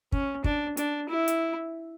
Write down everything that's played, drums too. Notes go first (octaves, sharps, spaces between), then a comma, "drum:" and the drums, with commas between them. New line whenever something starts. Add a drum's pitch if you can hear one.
C#4, drum: kick
D4, drum: kick
D4, drum: hi-hat
E4
drum: hi-hat